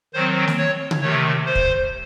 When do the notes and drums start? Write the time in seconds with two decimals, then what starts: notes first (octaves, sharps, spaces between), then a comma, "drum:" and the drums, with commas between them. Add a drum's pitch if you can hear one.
0.14 D#3 F#3 C4 C5
0.48 drum: snare
0.58 C#5
0.91 drum: tom C#3
1.01 C3 D#3 A3 C#5
1.46 C5
1.55 drum: kick